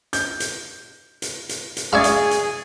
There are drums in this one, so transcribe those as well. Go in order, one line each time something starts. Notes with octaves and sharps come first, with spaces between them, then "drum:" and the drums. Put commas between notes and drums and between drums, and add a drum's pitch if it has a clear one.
G6, drum: hi-hat
drum: hi-hat
drum: hi-hat
drum: hi-hat
drum: hi-hat
G#4 D5 E5 F5 C#6 G#6 A6
drum: hi-hat
drum: hi-hat